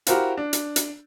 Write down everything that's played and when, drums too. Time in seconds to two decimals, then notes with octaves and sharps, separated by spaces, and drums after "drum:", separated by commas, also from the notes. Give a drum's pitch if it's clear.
0.07 E4 F#4 G4 A#4 C5 F5, drum: hi-hat
0.37 D4
0.53 drum: hi-hat
0.76 drum: hi-hat